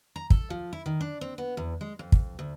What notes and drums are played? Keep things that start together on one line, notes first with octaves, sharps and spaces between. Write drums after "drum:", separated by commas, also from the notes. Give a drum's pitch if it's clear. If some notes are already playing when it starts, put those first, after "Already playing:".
A#5
A4, drum: kick
F3
E4
D#3
D4
C4
B3
E2
G#3
F2
drum: kick
D2